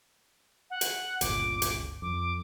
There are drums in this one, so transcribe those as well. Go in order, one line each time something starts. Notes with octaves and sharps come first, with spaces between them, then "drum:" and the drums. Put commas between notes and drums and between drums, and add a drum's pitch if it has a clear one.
F#5
drum: hi-hat
G1 C#2 A#2 D6, drum: hi-hat
drum: hi-hat
F2 D6